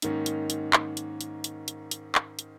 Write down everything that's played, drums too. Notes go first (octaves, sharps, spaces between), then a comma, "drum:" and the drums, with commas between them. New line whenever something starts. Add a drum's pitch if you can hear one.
G#2 D#3 A#3 C#4, drum: hi-hat
drum: hi-hat
drum: hi-hat
drum: clap
drum: hi-hat
drum: hi-hat
drum: hi-hat
drum: hi-hat
drum: hi-hat
drum: clap
drum: hi-hat